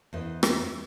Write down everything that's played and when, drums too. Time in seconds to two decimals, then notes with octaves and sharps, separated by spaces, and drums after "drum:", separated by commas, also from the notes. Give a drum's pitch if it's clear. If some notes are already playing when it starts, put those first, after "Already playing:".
0.13 E2 C5 D#5
0.43 drum: rim click